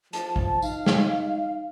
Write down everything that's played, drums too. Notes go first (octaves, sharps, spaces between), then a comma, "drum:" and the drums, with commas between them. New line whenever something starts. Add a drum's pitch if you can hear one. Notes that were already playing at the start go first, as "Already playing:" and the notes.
F3 A5, drum: hi-hat
drum: kick
D#4 F5, drum: tambourine
drum: snare